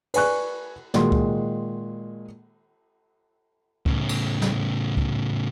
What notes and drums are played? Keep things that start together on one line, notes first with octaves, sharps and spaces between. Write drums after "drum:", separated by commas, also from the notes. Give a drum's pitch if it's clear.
B4 D5 G#5 C#6 F#6, drum: cymbal
A#2 D#3 G#3 F#4 C6, drum: snare
drum: kick C#2
A2 C#3, drum: kick C#2
drum: cymbal
drum: snare
drum: kick C#2